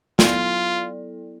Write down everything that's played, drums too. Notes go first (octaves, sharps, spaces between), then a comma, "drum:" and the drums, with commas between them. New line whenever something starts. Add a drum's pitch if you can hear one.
F#3 B3 E4 F4 A4 D5, drum: snare